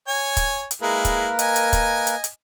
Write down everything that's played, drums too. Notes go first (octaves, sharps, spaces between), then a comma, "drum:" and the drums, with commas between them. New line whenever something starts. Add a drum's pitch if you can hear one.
C#5 G#5
drum: kick, hi-hat
drum: hi-hat
G#3 A#3 E4 A#4 B4
drum: kick, hi-hat
D#5 G#5, drum: hi-hat
drum: hi-hat
drum: kick, hi-hat
drum: hi-hat
drum: hi-hat